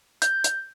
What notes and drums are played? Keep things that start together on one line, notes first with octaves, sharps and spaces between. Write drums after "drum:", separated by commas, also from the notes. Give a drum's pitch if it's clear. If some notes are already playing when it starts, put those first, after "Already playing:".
G6, drum: hi-hat
drum: hi-hat